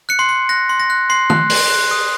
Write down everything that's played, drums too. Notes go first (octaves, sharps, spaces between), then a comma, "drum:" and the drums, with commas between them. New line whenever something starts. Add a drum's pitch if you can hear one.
F#6 C#7
C6 C7
C6
F#6 A#6
C6
A#6
F#6
C6 C7
F#6, drum: tom
C6, drum: open hi-hat
F#6
D#6